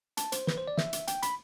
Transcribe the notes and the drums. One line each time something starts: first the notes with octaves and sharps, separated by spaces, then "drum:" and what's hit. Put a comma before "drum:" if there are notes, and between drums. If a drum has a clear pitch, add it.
A5, drum: hi-hat
C5, drum: hi-hat
B4, drum: snare
C5
D5
E5, drum: snare
drum: hi-hat
G5, drum: hi-hat
B5, drum: hi-hat